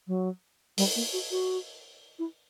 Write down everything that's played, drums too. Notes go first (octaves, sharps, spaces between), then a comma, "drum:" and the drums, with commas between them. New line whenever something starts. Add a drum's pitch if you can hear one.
F#3
G3, drum: open hi-hat
A#3
F#4
F#4
E4